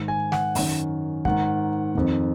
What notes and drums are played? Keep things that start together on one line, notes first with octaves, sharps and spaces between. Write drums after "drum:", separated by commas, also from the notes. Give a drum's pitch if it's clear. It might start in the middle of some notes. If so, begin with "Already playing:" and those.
Already playing: G#2 D#3
G#5
F#5, drum: snare
F#2 D#3, drum: open hi-hat
G#2 D#3 F#5, drum: kick
F2 D#3